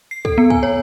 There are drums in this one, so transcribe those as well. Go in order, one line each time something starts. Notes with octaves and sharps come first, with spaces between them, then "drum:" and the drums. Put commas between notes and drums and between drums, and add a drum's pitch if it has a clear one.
C7
A4, drum: kick
B3
G#5, drum: kick
C#5